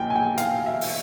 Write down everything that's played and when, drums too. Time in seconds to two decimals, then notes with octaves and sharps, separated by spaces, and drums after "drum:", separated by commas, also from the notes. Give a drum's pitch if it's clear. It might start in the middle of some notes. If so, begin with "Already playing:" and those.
Already playing: B1 A#2 G5 G#5
0.10 G#5
0.16 G5
0.38 F5, drum: hi-hat
0.66 E5
0.81 drum: open hi-hat